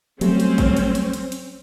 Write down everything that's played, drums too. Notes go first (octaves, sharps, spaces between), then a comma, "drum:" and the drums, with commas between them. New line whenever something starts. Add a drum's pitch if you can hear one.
F#3 G3 A3 C4 C#4, drum: hi-hat
drum: hi-hat
drum: kick G#1, hi-hat
drum: hi-hat
drum: hi-hat
drum: hi-hat
drum: hi-hat